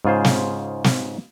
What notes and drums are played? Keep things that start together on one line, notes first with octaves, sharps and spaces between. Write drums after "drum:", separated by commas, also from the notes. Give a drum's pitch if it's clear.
G#2 C#3 F4 G#4 C5
drum: snare
drum: snare